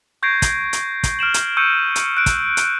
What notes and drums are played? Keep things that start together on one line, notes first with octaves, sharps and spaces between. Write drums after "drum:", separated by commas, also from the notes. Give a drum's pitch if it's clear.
C#6 G6 G#6 A#6 C7 D7
drum: kick, hi-hat
drum: hi-hat
drum: kick, hi-hat
F6 D7 E7 F#7
drum: hi-hat
C#6 E6 G6 C#7 D#7
drum: hi-hat
F#6 D7
drum: kick, hi-hat
drum: hi-hat